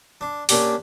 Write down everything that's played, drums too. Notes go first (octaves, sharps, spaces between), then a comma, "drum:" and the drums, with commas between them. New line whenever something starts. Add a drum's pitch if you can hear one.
D4
A#2 C#4 D4 G4, drum: open hi-hat